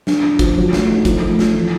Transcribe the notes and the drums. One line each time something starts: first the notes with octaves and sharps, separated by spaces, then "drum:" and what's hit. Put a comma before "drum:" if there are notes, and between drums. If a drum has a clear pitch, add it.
D4, drum: snare
D4
F3, drum: kick, hi-hat
F#3
A3, drum: snare
D#4
F3, drum: kick, hi-hat
A3
F3, drum: snare
E3